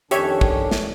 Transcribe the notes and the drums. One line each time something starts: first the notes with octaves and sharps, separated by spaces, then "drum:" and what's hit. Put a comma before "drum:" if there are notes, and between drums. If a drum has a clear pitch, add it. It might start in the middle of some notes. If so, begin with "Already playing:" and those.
F2 D#3 C#4 D4 G4 C#5 E5, drum: hi-hat
drum: kick
drum: snare